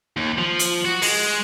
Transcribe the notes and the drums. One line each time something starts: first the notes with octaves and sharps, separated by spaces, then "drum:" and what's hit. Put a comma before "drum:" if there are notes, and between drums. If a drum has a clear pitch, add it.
D#2
F3
drum: hi-hat
F#4
G#3, drum: open hi-hat